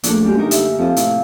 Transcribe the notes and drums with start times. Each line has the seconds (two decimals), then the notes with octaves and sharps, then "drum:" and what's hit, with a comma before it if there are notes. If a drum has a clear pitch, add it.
0.03 A#1 A3 A#3 D4, drum: hi-hat
0.24 F#2 G3 G#3 G4
0.37 F#2 D3 D#4 A#4
0.51 E5, drum: hi-hat
0.78 F2 F3 F4
0.96 A2 C3, drum: hi-hat